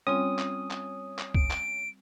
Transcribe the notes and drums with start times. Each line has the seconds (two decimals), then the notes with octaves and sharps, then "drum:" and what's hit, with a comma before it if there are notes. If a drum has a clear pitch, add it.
0.07 G3 C4 C#4 F4 D#6
0.39 drum: clap
0.71 drum: clap
1.19 drum: clap
1.35 D7, drum: kick C2
1.50 drum: clap